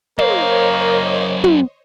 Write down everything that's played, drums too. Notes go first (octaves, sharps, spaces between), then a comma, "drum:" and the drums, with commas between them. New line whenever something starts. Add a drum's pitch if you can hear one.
F#2 A#3 A#4 C5 C#5 D#5 F5, drum: tom
drum: tom